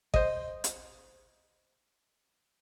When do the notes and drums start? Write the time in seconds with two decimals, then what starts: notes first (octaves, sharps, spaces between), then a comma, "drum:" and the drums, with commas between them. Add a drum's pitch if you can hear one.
0.14 C5 D#5, drum: kick G#1
0.64 drum: hi-hat